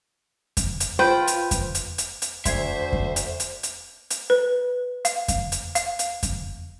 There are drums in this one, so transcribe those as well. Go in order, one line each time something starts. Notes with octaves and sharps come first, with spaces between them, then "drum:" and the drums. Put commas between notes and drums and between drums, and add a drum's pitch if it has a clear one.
drum: kick F2, hi-hat
drum: hi-hat
F4 B4 C5 G5
drum: hi-hat
drum: kick F2, hi-hat
drum: hi-hat
drum: hi-hat
drum: hi-hat
D2 C5 E5 C6 G#6 C7, drum: kick F2, hi-hat
drum: kick F2
drum: hi-hat
drum: hi-hat
drum: hi-hat
drum: hi-hat
B4
F5, drum: hi-hat
drum: kick F2, hi-hat
drum: hi-hat
F5, drum: hi-hat
drum: hi-hat
drum: kick F2, hi-hat